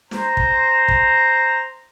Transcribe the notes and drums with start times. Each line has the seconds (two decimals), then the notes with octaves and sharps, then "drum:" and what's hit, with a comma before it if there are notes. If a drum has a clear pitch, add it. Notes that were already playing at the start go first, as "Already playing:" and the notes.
0.11 C5 A#5, drum: snare
0.37 drum: kick
0.88 drum: kick